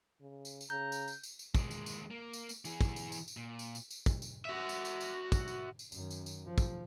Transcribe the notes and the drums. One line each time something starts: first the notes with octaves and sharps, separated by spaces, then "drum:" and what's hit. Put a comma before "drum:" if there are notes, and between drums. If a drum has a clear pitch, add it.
C#3
drum: tambourine
drum: tambourine
C#3 A#5 G6
drum: tambourine
drum: tambourine
drum: tambourine
drum: tambourine
D#2 G#3, drum: kick, tambourine
drum: tambourine
drum: tambourine
A#3
drum: tambourine
drum: tambourine
E3 G#4, drum: tambourine
drum: kick, tambourine
drum: tambourine
drum: tambourine
drum: tambourine
A#2
drum: tambourine
drum: tambourine
drum: tambourine
drum: kick, tambourine
drum: tambourine
F#4 E5
drum: tambourine
drum: tambourine
drum: tambourine
drum: kick, tambourine
drum: tambourine
drum: tambourine
F#2 D#3, drum: tambourine
drum: tambourine
drum: tambourine
F3
drum: kick, tambourine